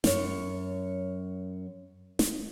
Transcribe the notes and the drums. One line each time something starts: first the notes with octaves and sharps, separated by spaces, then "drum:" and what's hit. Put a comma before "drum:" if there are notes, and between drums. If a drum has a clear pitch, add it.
F#2 C#5, drum: snare
drum: snare